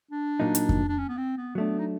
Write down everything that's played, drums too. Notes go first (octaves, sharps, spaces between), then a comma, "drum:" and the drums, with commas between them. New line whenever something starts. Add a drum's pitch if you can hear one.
D4
A#2 F#3 A#3 D#4
drum: hi-hat
drum: kick F2
D4
C#4
B3
C4
B3
F#3 A3 B3 D4
D#4